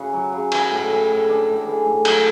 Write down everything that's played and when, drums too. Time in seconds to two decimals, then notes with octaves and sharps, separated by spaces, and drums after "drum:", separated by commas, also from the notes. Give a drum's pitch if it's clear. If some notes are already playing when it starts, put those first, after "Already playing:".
Already playing: C#3 E4 F#4 G#4
0.13 F#3
0.33 C#3
0.52 E3, drum: cymbal
0.71 A2
0.90 E3
1.09 A2
1.29 E3 D4
1.47 A2
1.66 E3 G#4
1.86 A2
2.05 F#3 A4, drum: cymbal